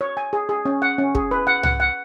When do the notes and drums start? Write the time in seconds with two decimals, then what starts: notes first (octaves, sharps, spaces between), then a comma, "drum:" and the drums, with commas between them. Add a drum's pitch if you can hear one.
0.01 C#5
0.17 G#5
0.33 G#4
0.49 G#4
0.65 C#4
0.82 F#5
0.98 C#4
1.15 G#4, drum: kick
1.31 B4
1.47 F#5
1.63 F#5, drum: tom C2
1.80 F#5